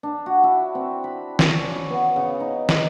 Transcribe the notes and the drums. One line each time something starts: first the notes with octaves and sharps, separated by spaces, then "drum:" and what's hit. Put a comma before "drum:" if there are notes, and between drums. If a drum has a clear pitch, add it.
D4
F#4
E4
C4
B5
D5, drum: snare
C#4
C#6
B3
C#3
D#4
drum: snare